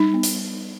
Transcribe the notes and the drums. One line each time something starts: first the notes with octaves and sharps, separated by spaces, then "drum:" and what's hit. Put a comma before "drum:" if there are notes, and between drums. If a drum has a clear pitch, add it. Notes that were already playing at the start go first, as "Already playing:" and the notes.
Already playing: G3 D#4
B3
drum: hi-hat